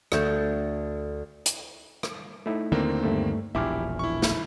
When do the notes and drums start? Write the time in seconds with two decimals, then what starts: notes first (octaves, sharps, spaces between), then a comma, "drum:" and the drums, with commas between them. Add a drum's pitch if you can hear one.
0.12 D2 A3 A4 G6 G#6, drum: rim click
1.46 drum: hi-hat
2.03 drum: rim click
2.46 A3 D#4 E4
2.72 D#2 D3 D#3 A#3 C4
3.04 G2 A3
3.55 E1 A#1 E4 G4 E5 G#5 D6 F6
3.99 E4 C#6
4.22 drum: snare